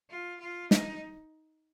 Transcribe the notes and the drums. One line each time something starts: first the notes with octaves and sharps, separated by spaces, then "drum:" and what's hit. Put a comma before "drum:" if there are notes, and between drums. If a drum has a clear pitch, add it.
F4
F4
D#4, drum: snare